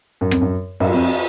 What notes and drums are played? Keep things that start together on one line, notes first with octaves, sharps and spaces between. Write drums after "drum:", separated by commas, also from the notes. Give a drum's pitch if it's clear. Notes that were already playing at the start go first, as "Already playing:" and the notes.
F#2
F2, drum: rim click
F#2
F#2, drum: cymbal
F2